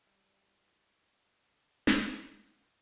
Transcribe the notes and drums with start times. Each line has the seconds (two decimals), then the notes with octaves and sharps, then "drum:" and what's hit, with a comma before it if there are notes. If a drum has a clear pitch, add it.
0.07 G3 D4 E4 G4 E5
1.39 D4
1.87 drum: snare